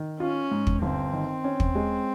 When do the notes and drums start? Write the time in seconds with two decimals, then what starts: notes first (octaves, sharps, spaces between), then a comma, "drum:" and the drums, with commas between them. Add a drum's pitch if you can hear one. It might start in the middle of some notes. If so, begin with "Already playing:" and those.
Already playing: D#3
0.20 C#4 F4
0.51 G#2
0.67 drum: kick
0.82 G1 C4
1.13 D#3
1.44 C#4
1.60 drum: kick
1.75 G#3